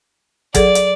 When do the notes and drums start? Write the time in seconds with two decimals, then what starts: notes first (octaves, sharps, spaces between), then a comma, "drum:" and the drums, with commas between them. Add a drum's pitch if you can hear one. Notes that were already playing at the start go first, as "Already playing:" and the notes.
0.55 F#3 G#4 A4 D5, drum: kick, hi-hat
0.75 drum: hi-hat